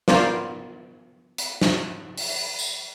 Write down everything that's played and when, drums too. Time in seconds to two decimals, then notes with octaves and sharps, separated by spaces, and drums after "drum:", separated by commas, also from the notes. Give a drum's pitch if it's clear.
0.08 B3 F4 A#4 C5 D5 F5, drum: snare
1.38 drum: hi-hat
1.61 drum: snare
2.17 drum: open hi-hat
2.59 drum: tambourine